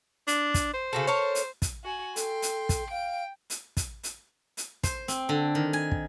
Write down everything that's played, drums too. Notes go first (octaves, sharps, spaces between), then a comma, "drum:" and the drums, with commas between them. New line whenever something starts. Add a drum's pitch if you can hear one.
D4, drum: hi-hat
drum: kick, hi-hat
C5
C#3 F#4 A4
A4 A#4 C#5
drum: hi-hat
drum: kick, hi-hat
F#4 G#5
A4 G5 C6, drum: hi-hat
drum: hi-hat
drum: kick, hi-hat
F5 G5 D7
drum: hi-hat
drum: kick, hi-hat
drum: hi-hat
drum: hi-hat
C5, drum: kick, hi-hat
C4, drum: hi-hat
D3
D#3
G#5
drum: kick